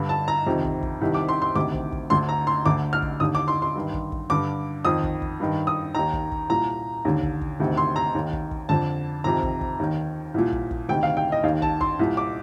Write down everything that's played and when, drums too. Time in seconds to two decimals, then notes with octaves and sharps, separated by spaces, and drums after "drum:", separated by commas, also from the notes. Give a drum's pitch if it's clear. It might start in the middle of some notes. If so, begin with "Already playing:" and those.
Already playing: G2 D3
0.09 A5
0.28 A#5
0.47 F2 C3 D#3
0.64 drum: kick
0.83 drum: kick
1.01 C2 C3 D#3
1.14 D6
1.29 C6
1.42 C6
1.55 D2 C3 D#3 D6
1.74 drum: kick
1.92 drum: kick
2.10 D2 D3 C6
2.29 A#5
2.47 C6
2.66 D2 D3 D6
2.93 F6
3.02 drum: kick
3.20 D#2 D3 D#6
3.35 D6
3.48 C6
3.62 C6
3.75 G2 D#3
3.94 drum: kick
4.12 drum: kick
4.30 G2 D3 D6
4.85 F2 D#3 D#6
5.03 drum: kick
5.22 drum: kick
5.40 G2 D#3
5.67 D#6
5.95 D#2 D#3 A#5
6.13 drum: kick
6.32 drum: kick
6.50 C2 A#2 A#5
7.05 D#2 D3
7.23 drum: kick
7.41 drum: kick
7.60 D2 C3 D#3
7.77 C6
7.96 A#5
8.15 D#2 D#3
8.33 drum: kick
8.51 drum: kick
8.69 F2 D3 A5
9.24 F2 C3 D#3 A#5
9.43 drum: kick
9.61 drum: kick
9.79 D#2 D#3
10.34 C2 A#2
10.52 drum: kick
10.71 drum: kick
10.89 D2 C3 D#3 G5
11.03 F5
11.17 G5
11.32 D#5
11.43 D#2 F5
11.49 D#3
11.62 A5, drum: kick
11.81 C6, drum: kick
11.99 C2 A#2
12.17 D6